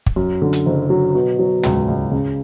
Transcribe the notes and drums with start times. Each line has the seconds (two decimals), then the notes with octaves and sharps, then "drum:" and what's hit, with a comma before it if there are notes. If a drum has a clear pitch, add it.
0.06 drum: kick
0.16 F#2
0.42 D3
0.53 drum: hi-hat
0.66 F#1
0.90 F#3
1.15 B2
1.39 F#3
1.63 C#2, drum: tom
1.88 C#2
2.12 C#3